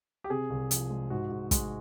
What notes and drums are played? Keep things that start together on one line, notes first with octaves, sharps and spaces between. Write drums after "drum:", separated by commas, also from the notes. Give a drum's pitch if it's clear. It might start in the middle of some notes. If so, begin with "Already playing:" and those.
G4
C3 G#4
C2
F3, drum: hi-hat
G#3
G#2 F#4
G#2
G#3, drum: kick, hi-hat